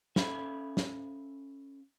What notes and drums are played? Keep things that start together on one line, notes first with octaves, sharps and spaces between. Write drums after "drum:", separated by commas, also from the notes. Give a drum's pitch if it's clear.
C#4 A4 E5 F5 B5, drum: snare
drum: snare